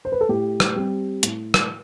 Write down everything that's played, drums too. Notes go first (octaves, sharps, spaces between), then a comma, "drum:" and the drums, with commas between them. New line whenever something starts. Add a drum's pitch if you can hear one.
C5
B4
A4
A2 G4
drum: rim click
G3 C4
A2, drum: hi-hat
drum: rim click